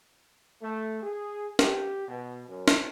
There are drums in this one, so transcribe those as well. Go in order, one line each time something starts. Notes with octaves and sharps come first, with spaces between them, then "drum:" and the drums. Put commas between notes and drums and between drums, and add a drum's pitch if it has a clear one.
A3
G#4
G4, drum: snare
B2
F#2
drum: snare